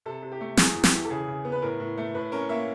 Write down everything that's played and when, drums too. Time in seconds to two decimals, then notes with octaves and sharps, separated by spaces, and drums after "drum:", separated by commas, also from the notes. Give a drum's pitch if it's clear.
0.06 C3 A4
0.22 C3
0.32 G4
0.41 A3
0.57 E2 G#4, drum: snare
0.75 E2
0.84 G4, drum: snare
0.92 E3
1.05 A4
1.10 C#3 G#4
1.28 C#3
1.45 B3
1.52 B4
1.62 A2 A#4
1.80 A2
1.97 A3
2.15 A2 B4
2.32 C#4 A#4
2.49 A#3 E5